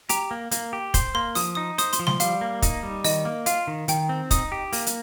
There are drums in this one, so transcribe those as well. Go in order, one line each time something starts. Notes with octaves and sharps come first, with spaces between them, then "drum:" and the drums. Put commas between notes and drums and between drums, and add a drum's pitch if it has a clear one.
G4 A#5, drum: hi-hat
A#3
A#3, drum: hi-hat
G4
C5 C6, drum: kick, hi-hat
A#3 C6
F3 D#6, drum: open hi-hat
D#4 D#6
C5 D#6, drum: hi-hat
C6, drum: hi-hat
F3
C6, drum: snare
G3 F5, drum: hi-hat
A#3
D#4, drum: kick, hi-hat
G3
D#3 D#5, drum: open hi-hat
A#3
F4 F5, drum: hi-hat
D#3
D#3 G5, drum: hi-hat
C4
D#4 D#6, drum: kick, hi-hat
G4
A#3, drum: open hi-hat
drum: hi-hat